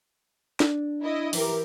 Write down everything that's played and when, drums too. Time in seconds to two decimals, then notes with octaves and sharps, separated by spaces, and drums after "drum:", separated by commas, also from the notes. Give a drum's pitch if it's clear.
0.60 D4, drum: snare
1.03 E4 D#5
1.33 E3 G4 A#4, drum: open hi-hat